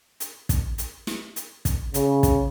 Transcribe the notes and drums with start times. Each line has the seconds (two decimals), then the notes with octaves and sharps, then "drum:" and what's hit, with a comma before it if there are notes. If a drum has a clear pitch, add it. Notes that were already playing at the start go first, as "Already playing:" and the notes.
0.20 drum: hi-hat
0.49 drum: kick, hi-hat
0.78 drum: hi-hat
1.07 drum: snare
1.36 drum: hi-hat
1.65 drum: kick, hi-hat
1.94 C#3, drum: hi-hat
2.23 drum: kick, hi-hat